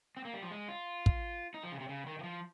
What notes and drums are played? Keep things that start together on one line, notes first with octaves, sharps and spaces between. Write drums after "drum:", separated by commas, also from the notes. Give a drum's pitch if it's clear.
C4
A#3
G3
F3
G#3
F4
drum: kick
D#4
F3
C#3
C3
C#3
D#3
D#3
F3